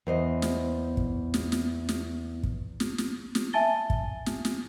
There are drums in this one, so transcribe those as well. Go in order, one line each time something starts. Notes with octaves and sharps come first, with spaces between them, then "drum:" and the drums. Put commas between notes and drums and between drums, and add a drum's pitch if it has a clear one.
E2 C5 D#5
drum: snare
drum: kick
drum: snare
drum: snare
drum: snare
drum: kick
drum: snare
drum: snare
drum: snare
E5 G#5 A5 A6 G7
drum: kick
drum: snare
drum: snare